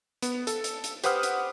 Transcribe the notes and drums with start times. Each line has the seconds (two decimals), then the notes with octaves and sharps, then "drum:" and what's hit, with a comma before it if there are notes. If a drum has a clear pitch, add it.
0.22 B3, drum: hi-hat
0.47 A4, drum: hi-hat
0.64 drum: hi-hat
0.84 drum: hi-hat
1.04 G4 B4 C5 F#5 D#6 F6, drum: hi-hat
1.23 drum: hi-hat